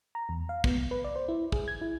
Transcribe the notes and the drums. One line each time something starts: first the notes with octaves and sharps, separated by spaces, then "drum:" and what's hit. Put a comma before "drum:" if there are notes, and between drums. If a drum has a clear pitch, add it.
A#5
E2
F5
B3, drum: kick
C2
B4
D5
C5
E4
G#4, drum: kick
G#6
E4